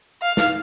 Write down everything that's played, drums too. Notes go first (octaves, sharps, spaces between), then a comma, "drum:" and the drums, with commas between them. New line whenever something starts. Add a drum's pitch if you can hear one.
F5
drum: snare